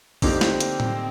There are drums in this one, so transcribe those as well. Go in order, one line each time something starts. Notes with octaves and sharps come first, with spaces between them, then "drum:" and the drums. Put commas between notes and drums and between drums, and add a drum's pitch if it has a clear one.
D3 F3 A#3 C4 D#4 G4, drum: kick, open hi-hat
drum: snare
drum: hi-hat
drum: tom A2